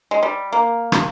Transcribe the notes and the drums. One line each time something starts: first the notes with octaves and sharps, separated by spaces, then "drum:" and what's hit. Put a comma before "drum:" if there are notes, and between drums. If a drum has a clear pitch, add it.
G#3
G3
A#3
drum: rim click